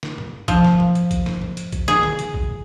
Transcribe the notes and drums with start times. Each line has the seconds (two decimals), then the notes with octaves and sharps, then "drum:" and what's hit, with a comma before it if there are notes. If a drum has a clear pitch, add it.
0.03 drum: snare
0.18 drum: tom
0.48 F3, drum: kick, hi-hat
0.65 drum: snare
0.80 drum: tom
0.95 drum: hi-hat
1.11 drum: kick, hi-hat
1.26 drum: snare
1.42 drum: tom
1.57 drum: hi-hat
1.72 drum: kick, hi-hat
1.88 G#4, drum: snare
2.03 drum: tom
2.19 drum: hi-hat
2.34 drum: kick